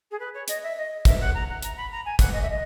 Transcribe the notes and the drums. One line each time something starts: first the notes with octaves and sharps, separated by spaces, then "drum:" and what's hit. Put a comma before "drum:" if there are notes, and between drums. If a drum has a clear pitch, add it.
G#4
B4
C#5
D#5, drum: hi-hat
E5
D#5
E5, drum: kick, hi-hat
F#5
A#5
F#5
A#5, drum: hi-hat
B5
A#5
G#5
F#5, drum: kick, hi-hat
D#5
E5
D#5